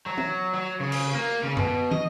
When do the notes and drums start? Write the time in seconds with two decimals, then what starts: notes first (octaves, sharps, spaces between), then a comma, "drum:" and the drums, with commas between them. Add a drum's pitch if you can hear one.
0.06 F#3
0.17 drum: tom
0.54 F#3
0.80 C#3
0.92 drum: cymbal
1.15 A#3
1.43 C#3
1.57 B2, drum: tom F#2
1.91 D#5, drum: tom